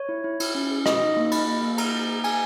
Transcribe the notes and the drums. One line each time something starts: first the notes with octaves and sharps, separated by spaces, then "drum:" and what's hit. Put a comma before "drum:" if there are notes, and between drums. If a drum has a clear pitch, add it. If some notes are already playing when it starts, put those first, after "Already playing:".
Already playing: C#5
E4
E4
E4, drum: cymbal
C#4
G#4
F#4 D#5, drum: rim click
D#4
A#3
A#3 B5, drum: cymbal
A#3
A#3
G#4 A#5, drum: cymbal
A#3
G#4
A#3 G#5, drum: cymbal